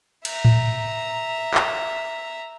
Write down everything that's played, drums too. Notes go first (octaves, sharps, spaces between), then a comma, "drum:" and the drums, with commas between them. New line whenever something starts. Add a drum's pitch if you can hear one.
E5 A#5, drum: cymbal
drum: tom A2
drum: clap